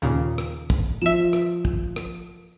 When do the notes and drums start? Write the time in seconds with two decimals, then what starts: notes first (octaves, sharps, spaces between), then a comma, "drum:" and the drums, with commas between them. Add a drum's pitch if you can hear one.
0.02 D#2 A#2 C#3
0.38 drum: rim click
0.70 drum: kick
1.02 F3 E5 E7
1.33 drum: rim click
1.65 drum: kick
1.96 drum: rim click